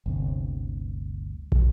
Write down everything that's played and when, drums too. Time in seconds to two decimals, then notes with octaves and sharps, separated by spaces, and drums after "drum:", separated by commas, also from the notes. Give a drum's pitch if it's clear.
0.06 G1 D2 C3
1.52 drum: kick